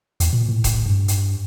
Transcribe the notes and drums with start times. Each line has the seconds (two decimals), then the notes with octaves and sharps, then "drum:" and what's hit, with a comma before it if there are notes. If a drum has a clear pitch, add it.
0.20 E2, drum: hi-hat
0.33 A#2
0.49 A2
0.64 drum: kick D#1, hi-hat
0.86 G2
1.08 drum: hi-hat